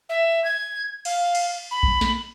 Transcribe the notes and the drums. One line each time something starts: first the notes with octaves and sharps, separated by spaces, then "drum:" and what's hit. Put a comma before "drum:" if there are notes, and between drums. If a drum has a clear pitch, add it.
E5
G#6
F5, drum: cymbal
drum: cymbal
B5
drum: kick A#1
drum: snare